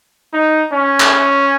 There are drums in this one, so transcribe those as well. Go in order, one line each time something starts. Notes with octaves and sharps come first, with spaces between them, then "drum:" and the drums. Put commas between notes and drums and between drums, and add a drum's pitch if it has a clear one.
D#4
C#4
drum: clap